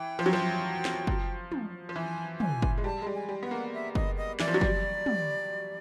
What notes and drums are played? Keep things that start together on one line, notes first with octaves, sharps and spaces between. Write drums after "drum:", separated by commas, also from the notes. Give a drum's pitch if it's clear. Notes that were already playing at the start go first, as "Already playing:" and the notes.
Already playing: E3 G5
F3
F#3
F3
drum: snare
drum: kick F#1
drum: tom
F3
E3 G#5
G#5, drum: tom
drum: kick F#1
G#3
G3 A5
G#3
G3
G#5
G3
B3 F#5
A#3
E5
D#5, drum: kick F#1
D#5
E3 D5, drum: snare
F3
F#3
G3, drum: kick F#1
drum: tom